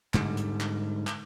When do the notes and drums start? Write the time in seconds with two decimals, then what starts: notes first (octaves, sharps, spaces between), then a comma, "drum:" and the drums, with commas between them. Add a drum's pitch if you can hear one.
0.14 G#2 D3 G3, drum: clap
0.37 drum: hi-hat
0.60 drum: clap
1.07 drum: clap